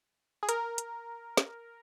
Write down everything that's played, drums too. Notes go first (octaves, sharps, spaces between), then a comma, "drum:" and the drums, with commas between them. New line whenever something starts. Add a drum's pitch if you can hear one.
G#4
A#4, drum: hi-hat
drum: hi-hat
drum: snare